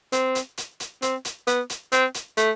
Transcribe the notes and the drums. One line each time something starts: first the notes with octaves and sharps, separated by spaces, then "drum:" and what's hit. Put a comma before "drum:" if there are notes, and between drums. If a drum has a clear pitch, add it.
C4, drum: hi-hat
drum: hi-hat
drum: hi-hat
drum: hi-hat
C4, drum: hi-hat
drum: hi-hat
B3, drum: hi-hat
drum: hi-hat
C4, drum: hi-hat
drum: hi-hat
A3, drum: hi-hat